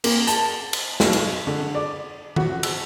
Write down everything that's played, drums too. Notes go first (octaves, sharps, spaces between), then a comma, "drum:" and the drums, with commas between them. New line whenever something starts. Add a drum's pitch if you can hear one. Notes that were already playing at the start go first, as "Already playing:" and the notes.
A#3, drum: cymbal
A5, drum: hi-hat
drum: cymbal
B1, drum: snare
drum: cymbal
D3
D5
F#4, drum: tom D#3
E6, drum: cymbal